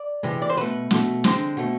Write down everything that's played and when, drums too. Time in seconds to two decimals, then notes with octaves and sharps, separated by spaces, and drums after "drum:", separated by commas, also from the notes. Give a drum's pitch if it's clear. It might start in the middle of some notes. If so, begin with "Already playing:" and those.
Already playing: D5
0.23 C3 E3 G#3
0.42 D5
0.50 C5
0.57 B2 A3 B4
0.91 B2 A3, drum: snare
1.24 D3 G#3 C4, drum: snare
1.57 B2 A3